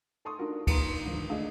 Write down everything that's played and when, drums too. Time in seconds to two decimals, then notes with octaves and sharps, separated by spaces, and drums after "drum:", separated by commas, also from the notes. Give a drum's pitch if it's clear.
0.25 A4 A5 C6 C#6 D#6
0.39 D4 D#4 F4 F#4 A#4
0.67 D#4 B4 A#5 C6, drum: kick, cymbal
1.04 G#2 D3 D#3 F3
1.30 A3 D4 G#4 D#5 F5